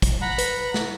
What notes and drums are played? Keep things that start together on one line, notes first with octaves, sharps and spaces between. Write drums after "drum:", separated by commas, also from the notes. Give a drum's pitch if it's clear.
drum: kick, hi-hat
F#5 A#5 B5
B4, drum: hi-hat
drum: snare